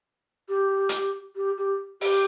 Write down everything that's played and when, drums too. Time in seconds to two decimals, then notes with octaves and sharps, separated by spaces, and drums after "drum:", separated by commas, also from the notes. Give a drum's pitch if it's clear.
0.48 G4
0.89 drum: hi-hat
1.35 G4
1.57 G4
2.01 G4, drum: open hi-hat